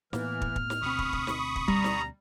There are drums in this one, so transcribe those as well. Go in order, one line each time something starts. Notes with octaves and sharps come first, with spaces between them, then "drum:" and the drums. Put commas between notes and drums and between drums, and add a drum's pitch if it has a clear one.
A2 E3 A#3 B3 F6, drum: snare
drum: kick
drum: kick
drum: snare
D2 B2 C4 B5 C#6 D#6
drum: kick
drum: kick
drum: snare
drum: kick
G3 A#5, drum: kick
drum: snare